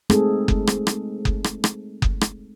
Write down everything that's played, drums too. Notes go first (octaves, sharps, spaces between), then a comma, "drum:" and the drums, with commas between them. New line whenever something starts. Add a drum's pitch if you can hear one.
G#3 A3 C4 D#4 G#4 A4, drum: rim click
drum: kick F#1
drum: rim click
drum: rim click
drum: kick F#1
drum: rim click
drum: rim click
drum: kick F#1
drum: rim click